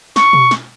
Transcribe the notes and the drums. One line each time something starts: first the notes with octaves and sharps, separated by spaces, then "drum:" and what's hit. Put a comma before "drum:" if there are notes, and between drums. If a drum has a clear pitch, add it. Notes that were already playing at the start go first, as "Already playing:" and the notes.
C#6, drum: snare
drum: tom B2
drum: snare